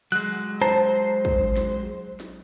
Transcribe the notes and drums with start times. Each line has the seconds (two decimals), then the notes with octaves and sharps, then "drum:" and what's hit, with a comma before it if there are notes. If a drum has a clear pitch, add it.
0.12 F#3 G#3 F#6
0.62 C5 A5 A#5, drum: snare
1.25 drum: kick
1.56 drum: snare
2.20 drum: snare